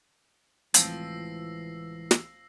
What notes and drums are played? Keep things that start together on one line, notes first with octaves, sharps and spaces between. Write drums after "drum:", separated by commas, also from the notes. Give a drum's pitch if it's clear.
C#2 A2 E3 F3 C4 E6 A#6 C7, drum: hi-hat
drum: snare